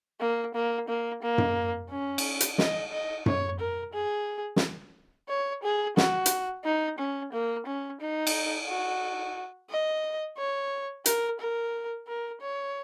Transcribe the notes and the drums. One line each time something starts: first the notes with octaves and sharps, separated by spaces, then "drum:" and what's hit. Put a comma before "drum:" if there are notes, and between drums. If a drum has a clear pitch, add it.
A#3
A#3
A#3
A#3
drum: tom F#2
C#4
drum: cymbal
drum: hi-hat
D#5, drum: snare
D#5
C#5, drum: tom F#2
A#4
G#4
drum: snare
C#5
G#4
F#4, drum: snare
drum: hi-hat
D#4
C#4
A#3
C#4
D#4
drum: cymbal
F#4
D#5
C#5
A#4, drum: hi-hat
A#4
A#4
C#5